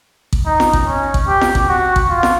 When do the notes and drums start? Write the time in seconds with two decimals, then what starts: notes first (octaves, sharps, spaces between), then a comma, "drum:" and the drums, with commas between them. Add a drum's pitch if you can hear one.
0.33 drum: kick A1
0.46 D#4
0.60 drum: snare
0.73 drum: kick A1
0.87 C#4
1.14 drum: kick A1
1.27 G4
1.41 drum: snare
1.55 drum: kick A1
1.68 F#4
1.96 drum: kick A1
2.09 F4
2.23 drum: snare